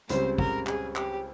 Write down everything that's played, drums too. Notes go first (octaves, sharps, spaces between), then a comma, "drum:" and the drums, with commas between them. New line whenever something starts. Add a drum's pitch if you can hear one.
C#2 C#3 G3 C4 C5, drum: hi-hat
A#4, drum: kick
G#4, drum: clap
G4, drum: clap